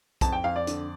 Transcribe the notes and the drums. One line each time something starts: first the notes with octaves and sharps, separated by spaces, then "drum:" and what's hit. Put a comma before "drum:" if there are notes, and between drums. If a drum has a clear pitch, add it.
F2 A5, drum: kick, hi-hat
G5
F2 F5
D5
D3, drum: hi-hat